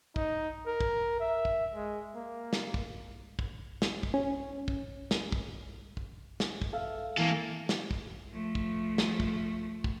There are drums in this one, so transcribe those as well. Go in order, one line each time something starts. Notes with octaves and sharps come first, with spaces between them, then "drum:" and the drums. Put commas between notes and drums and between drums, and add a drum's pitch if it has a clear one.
D#4, drum: kick
A#4
drum: kick
E5
drum: kick
G#3
A#3
drum: snare
drum: kick
drum: kick
drum: snare
drum: kick
C#4
drum: kick
drum: snare
drum: kick
drum: kick
drum: snare
drum: kick
A4 E5 F5
E3 A#3 A4
drum: snare
drum: kick
F3 A3
drum: kick
drum: snare
drum: kick
drum: kick